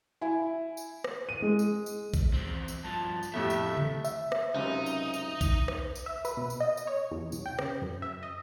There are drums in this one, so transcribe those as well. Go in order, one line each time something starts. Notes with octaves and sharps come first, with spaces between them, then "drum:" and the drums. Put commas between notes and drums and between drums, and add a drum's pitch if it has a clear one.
E4 G#5
drum: tambourine
drum: rim click
D#7
G#3
drum: tambourine
drum: tambourine
drum: kick A#1, tambourine
E2 C4
drum: tambourine
G2 F3 A5
drum: tambourine
F2 A2 C3 A3 D#5 E5
drum: tambourine
drum: tom C3
E5, drum: tambourine
drum: rim click
C#2 F#2 C3 D#4
drum: tambourine
drum: tambourine
drum: kick A#1, tambourine
drum: rim click
drum: tambourine
E5
B4, drum: tambourine
B2
drum: tambourine
D#5
drum: tambourine
C#5
E2
C2, drum: tambourine
G5
C#3, drum: rim click
F#2
E5
D#5